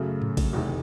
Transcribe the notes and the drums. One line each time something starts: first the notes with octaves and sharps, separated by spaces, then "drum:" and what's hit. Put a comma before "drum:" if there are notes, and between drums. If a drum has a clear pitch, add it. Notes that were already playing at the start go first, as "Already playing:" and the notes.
Already playing: F#2 C#3 F#3 A3
drum: tom G#2
drum: kick A1, cymbal
F1 E2 C3 D#3